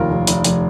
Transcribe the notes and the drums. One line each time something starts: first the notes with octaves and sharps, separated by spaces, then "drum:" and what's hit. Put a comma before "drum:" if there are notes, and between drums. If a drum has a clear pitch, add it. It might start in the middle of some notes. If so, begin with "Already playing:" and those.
Already playing: F1 D#2 F4 A#4
F1
F1, drum: hi-hat
F1, drum: hi-hat